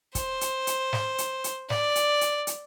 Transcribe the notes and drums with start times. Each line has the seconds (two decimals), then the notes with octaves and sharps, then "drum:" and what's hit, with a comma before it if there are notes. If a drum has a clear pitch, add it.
0.15 C5, drum: kick, hi-hat
0.41 drum: hi-hat
0.67 drum: hi-hat
0.93 drum: snare
1.18 drum: hi-hat
1.44 drum: hi-hat
1.70 D5, drum: snare
1.95 drum: hi-hat
2.21 drum: hi-hat
2.47 drum: hi-hat